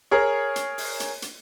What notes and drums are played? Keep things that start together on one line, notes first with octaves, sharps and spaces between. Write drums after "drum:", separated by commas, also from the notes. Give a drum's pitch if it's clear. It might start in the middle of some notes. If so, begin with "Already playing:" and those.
G#4 A#4 C#5
drum: hi-hat
drum: open hi-hat
drum: hi-hat
drum: hi-hat